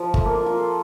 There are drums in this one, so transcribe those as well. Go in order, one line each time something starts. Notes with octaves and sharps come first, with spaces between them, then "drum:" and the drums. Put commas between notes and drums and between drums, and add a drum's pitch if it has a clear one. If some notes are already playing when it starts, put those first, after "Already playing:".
Already playing: F3
A3, drum: kick G1
A#3
F4
F4
A4